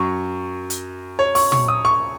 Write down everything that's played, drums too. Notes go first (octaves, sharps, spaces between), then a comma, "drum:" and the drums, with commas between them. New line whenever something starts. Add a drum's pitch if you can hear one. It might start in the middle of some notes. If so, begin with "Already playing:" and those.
Already playing: F#2 F#3 C#6
drum: hi-hat
C#5
C#6, drum: open hi-hat
C#6, drum: tom
D#6
C#6